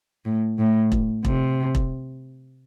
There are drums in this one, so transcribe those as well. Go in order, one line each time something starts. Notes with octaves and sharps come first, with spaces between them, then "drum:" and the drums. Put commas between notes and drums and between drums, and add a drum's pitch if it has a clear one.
A2
A2
drum: kick E1
C3, drum: kick E1
drum: kick E1